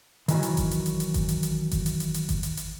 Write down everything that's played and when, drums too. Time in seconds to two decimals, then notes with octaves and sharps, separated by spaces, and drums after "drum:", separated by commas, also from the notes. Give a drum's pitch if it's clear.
0.28 D#3 E3 F#3, drum: hi-hat
0.43 drum: hi-hat
0.57 drum: kick G1, hi-hat
0.71 drum: hi-hat
0.86 drum: hi-hat
1.00 drum: hi-hat
1.14 drum: kick G1, hi-hat
1.29 drum: hi-hat
1.43 drum: hi-hat
1.71 drum: kick G1, hi-hat
1.86 drum: hi-hat
2.00 drum: hi-hat
2.14 drum: hi-hat
2.29 drum: kick G1, hi-hat
2.43 drum: hi-hat
2.57 drum: hi-hat